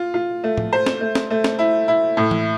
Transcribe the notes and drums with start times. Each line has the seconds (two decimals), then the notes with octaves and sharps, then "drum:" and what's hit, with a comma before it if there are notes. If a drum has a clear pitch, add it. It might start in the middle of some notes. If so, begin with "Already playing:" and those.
Already playing: F4
0.14 F4
0.44 A3
0.57 drum: tom A2
0.73 C5
0.86 drum: snare
1.01 A3
1.15 drum: snare
1.30 A3
1.44 drum: snare
1.59 E4
1.88 E4
2.17 A2
2.31 drum: tom E3